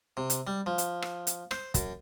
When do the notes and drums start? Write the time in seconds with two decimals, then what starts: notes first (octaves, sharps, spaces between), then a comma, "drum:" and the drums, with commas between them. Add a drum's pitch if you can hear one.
0.17 C3
0.30 drum: hi-hat
0.47 G3
0.66 F3
0.78 drum: hi-hat
1.02 drum: rim click
1.27 drum: hi-hat
1.51 C5, drum: rim click
1.74 F#2, drum: kick, hi-hat